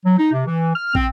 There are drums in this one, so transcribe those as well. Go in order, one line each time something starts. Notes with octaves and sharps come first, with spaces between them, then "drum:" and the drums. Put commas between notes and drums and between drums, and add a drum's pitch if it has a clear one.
F#3
D#4
C3
E3
F6
C4, drum: kick